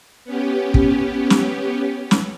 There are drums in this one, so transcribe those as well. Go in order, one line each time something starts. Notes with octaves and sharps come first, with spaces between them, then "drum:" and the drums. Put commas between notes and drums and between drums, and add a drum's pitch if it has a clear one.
B3 C#4 G4
drum: kick
drum: snare
drum: snare